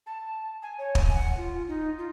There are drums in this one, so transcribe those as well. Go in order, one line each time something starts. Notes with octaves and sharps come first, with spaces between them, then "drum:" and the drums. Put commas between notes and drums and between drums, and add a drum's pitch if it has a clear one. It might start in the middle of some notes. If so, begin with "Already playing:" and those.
A5
G#5
C#5
G#5, drum: kick
F#5
F4
D#4
F4